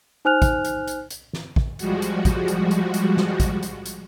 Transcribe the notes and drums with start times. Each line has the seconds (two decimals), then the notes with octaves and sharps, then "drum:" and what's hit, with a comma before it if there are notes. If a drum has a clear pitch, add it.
0.25 D#4 C5 G#5 F6 F#6 F7
0.42 drum: kick, hi-hat
0.65 drum: hi-hat
0.88 drum: hi-hat
1.10 drum: hi-hat
1.33 drum: snare
1.56 drum: kick
1.79 F3 G3 G#3 F#4, drum: hi-hat
2.02 drum: hi-hat
2.25 drum: kick, hi-hat
2.48 drum: hi-hat
2.71 drum: hi-hat
2.94 drum: hi-hat
3.17 drum: snare
3.40 drum: kick, hi-hat
3.63 drum: hi-hat
3.86 drum: hi-hat